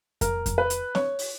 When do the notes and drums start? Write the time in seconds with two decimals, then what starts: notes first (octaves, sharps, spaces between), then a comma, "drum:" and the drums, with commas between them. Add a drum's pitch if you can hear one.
0.21 A#4, drum: kick F2, hi-hat
0.46 drum: kick F2, hi-hat
0.58 B4
0.70 drum: hi-hat
0.95 C#5, drum: snare C4
1.19 drum: open hi-hat